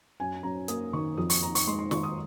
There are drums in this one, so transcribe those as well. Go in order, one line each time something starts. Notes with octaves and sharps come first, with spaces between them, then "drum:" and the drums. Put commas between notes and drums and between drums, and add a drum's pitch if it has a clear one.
F#2 G#5
F#2 A#5
A#3 D#6, drum: hi-hat
D#3 C#6
F2 D#6
C#6, drum: open hi-hat
D#4 A#5
C#6, drum: open hi-hat
G#3 C6
C6
D#3 C#6, drum: snare
D#6